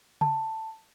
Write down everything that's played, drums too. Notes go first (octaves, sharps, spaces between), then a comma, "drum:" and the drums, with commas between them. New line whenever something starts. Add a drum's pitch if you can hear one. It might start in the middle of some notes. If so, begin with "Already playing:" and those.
A5, drum: tom C#3